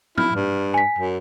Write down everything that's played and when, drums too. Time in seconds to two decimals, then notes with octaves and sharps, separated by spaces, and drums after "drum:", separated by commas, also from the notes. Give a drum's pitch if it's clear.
0.18 E4 F6, drum: tom
0.35 G2
0.74 G#5 B6
0.99 F#2